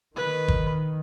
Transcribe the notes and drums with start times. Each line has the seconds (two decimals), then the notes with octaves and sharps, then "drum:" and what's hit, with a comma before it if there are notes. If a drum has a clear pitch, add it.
0.16 D#3 B4
0.48 drum: kick